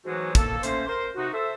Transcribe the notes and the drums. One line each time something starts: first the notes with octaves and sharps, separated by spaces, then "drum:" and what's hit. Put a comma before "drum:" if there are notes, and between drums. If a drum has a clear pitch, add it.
G#2 E3 F#3 G#3 A3 F#4
A#3 A4, drum: kick, hi-hat
A3 A#3 C#4 C5, drum: hi-hat
A#4 C5 C6
C3 D#4 F#4
A4 C5 E5